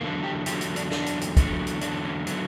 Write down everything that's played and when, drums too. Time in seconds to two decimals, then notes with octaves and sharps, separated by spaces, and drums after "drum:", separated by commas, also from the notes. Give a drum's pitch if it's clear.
0.01 E2 D3 F#3 A#3
0.24 G4
0.46 E2 D3 F#3 G4, drum: hi-hat
0.61 F#4, drum: hi-hat
0.76 D4, drum: hi-hat
0.91 E2 D3 F#3 D4, drum: snare
1.06 drum: hi-hat
1.21 drum: hi-hat
1.37 E2 D3 F#3, drum: kick, hi-hat
1.67 drum: hi-hat
1.81 E2 D3 F#3 D4, drum: hi-hat
2.05 C#4
2.27 D3 F#3 B3, drum: hi-hat